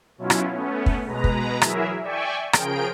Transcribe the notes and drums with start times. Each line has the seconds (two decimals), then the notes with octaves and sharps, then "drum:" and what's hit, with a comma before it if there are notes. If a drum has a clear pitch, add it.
0.18 B2 F#3 C#4 E4 F4
0.30 drum: rim click
0.52 A3 B3 C#4
0.86 drum: kick
1.04 B2 G#3 B4 A#5
1.24 drum: kick
1.62 E3 F#3 E4 G#4 A#4 E5, drum: rim click
2.02 D5 E5 G5 G#5 C#6
2.53 C#3 F3 G#4 A#4 G5 D7, drum: rim click